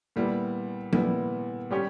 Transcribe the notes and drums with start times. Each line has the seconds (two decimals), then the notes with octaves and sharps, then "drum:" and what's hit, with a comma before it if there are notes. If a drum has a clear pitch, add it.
0.16 A#2 G3 B3 E4
0.93 A#2 G3 B3 E4, drum: tom F3
1.71 G3 C#4 G4 C#5